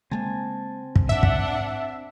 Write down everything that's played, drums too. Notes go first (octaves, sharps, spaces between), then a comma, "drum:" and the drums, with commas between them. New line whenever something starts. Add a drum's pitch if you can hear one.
C#3 G#3 A#3 C4 G#5 A5
drum: kick
G#2 D4 E5 F#5
drum: kick